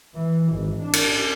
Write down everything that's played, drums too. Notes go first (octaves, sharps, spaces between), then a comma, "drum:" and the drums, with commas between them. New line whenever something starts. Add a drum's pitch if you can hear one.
E3
G#1
D4
drum: cymbal